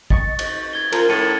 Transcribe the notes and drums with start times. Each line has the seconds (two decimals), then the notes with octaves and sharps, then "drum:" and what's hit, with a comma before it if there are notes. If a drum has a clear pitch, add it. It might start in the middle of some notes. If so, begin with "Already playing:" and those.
0.10 D#5 C#6 A6, drum: kick G#1
0.39 drum: cymbal
0.73 G#6 G7
0.92 F3 A#4, drum: cymbal
1.09 A2 A6 C#7 D#7